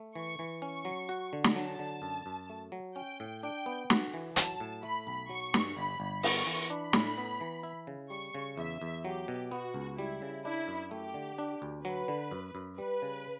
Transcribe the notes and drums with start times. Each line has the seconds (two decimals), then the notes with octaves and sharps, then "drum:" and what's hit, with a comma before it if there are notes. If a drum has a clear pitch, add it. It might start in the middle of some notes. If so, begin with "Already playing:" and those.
Already playing: A3
0.15 E3 C#6
0.39 E3
0.62 C#4 C#6
0.85 F#3
1.09 F#4
1.33 D3
1.44 drum: snare
1.55 F#3 A5
1.79 D3
2.02 F#2
2.26 F#2
2.50 A3
2.72 F#3
2.96 C#4 G5
3.20 A2
3.43 D4 G5
3.66 B3
3.90 F#4, drum: snare
4.14 E3
4.36 F#3 A5, drum: hi-hat
4.60 A2
4.83 A3 B5
5.07 B1
5.29 F#3 C#6
5.54 G2, drum: snare
5.77 G1 B5
6.00 G1
6.23 B3 C#6, drum: open hi-hat
6.46 E3
6.70 D4 B5
6.93 A2, drum: snare
7.18 B3
7.41 E3
7.63 E4
7.87 C#3
8.10 G3 C#6
8.34 C#3
8.58 E2 E5
8.82 E2
9.04 F#3 G4
9.28 B2
9.51 B3 F#4
9.74 C#2
9.98 G3 E4
10.22 C#3
10.45 D4 E4
10.68 F#2
10.91 A3 G4
11.14 D3
11.38 D4
11.62 D2
11.85 F#3 B4
12.08 D3
12.31 F#2
12.55 F#2
12.78 G3 B4
13.02 C#3